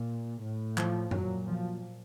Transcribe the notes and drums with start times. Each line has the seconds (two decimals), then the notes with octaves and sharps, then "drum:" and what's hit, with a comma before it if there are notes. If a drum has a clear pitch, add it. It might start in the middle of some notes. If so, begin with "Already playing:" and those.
Already playing: A#2
0.42 A2
0.78 F3, drum: clap
1.11 A#2 F#3, drum: tom F#2
1.47 F3